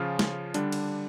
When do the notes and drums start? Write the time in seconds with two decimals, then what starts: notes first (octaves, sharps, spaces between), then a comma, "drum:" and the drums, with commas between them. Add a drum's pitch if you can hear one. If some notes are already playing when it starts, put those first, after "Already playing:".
Already playing: C#3 F3 C#4 F4
0.19 drum: snare
0.54 D3 G3 D4, drum: hi-hat
0.72 drum: cymbal